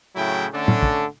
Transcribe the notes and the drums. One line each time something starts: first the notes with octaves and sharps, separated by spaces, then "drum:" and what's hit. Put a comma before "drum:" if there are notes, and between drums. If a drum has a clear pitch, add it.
A2 C#3 F#3 E4 G5
D3 A3 C#4 D4 A4
drum: tom
drum: kick